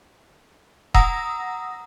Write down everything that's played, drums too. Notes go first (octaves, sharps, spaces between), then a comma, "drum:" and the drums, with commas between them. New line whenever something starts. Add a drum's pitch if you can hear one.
F#5 A#5 D#6 E6 A#6, drum: kick D#1